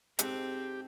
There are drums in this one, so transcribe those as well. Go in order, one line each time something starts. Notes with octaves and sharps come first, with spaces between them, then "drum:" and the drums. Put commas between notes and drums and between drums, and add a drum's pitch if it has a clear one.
G#2 C4 G4 A4 F#5, drum: hi-hat